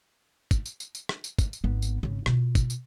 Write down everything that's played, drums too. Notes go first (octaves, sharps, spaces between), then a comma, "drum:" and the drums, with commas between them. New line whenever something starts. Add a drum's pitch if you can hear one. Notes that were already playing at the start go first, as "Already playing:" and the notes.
drum: kick, tambourine
drum: tambourine
drum: tambourine
drum: tambourine
drum: rim click
drum: tambourine
drum: kick, tambourine
drum: tambourine
G#1 B3
drum: tambourine
G#1 C#3
B2 F4, drum: rim click
drum: kick, tambourine
drum: tambourine